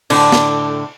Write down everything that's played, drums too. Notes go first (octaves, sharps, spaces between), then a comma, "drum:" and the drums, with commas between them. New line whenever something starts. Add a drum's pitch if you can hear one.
A2 D3, drum: cymbal
drum: snare